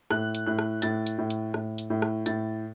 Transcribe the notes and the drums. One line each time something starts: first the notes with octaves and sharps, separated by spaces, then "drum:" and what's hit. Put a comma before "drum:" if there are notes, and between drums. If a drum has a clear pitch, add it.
A2 F#6, drum: rim click
drum: hi-hat
A2 F#6
drum: rim click
A2 A6, drum: hi-hat
drum: hi-hat
A2
drum: hi-hat
A2, drum: rim click
drum: hi-hat
A2
drum: rim click
A2 A6, drum: hi-hat